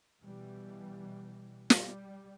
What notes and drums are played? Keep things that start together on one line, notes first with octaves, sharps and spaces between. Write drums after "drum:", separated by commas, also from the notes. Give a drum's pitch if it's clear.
B2 E3 G3
G3, drum: snare